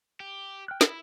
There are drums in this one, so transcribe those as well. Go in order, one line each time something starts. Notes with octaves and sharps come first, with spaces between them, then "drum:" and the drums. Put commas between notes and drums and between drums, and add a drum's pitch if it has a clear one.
G4
G5 F6 F#6
E4 B5, drum: snare